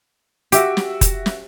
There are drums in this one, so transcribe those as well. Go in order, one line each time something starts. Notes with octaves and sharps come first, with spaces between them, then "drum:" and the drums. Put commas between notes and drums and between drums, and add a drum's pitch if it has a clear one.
F#4 G4 E5 D7, drum: hi-hat
drum: snare
drum: kick F1, hi-hat
drum: snare